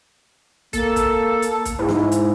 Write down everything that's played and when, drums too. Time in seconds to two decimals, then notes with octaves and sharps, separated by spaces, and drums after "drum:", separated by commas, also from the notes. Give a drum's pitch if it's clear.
0.73 A#3 A4, drum: kick, hi-hat
0.96 drum: kick, hi-hat
1.42 drum: hi-hat
1.65 drum: kick, hi-hat
1.79 G#2 E4
1.88 drum: snare
2.12 drum: hi-hat